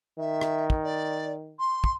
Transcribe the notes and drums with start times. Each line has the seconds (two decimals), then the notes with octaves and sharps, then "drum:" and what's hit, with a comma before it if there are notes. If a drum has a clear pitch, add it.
0.18 D#3 E5
0.41 drum: rim click
0.70 drum: kick
0.84 D5
1.59 C6
1.84 drum: kick